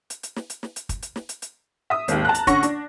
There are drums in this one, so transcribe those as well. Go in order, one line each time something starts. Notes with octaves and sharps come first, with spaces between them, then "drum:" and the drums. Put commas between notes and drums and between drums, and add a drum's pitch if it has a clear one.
drum: hi-hat
drum: hi-hat
drum: snare
drum: hi-hat
drum: snare
drum: hi-hat
drum: kick, hi-hat
drum: hi-hat
drum: snare
drum: hi-hat
drum: hi-hat
E5 D#6
G#1 D#2, drum: hi-hat
A5 A#5 F#6
drum: hi-hat
D3 C#4 F#5 C#6 A#6, drum: kick, hi-hat
D4, drum: hi-hat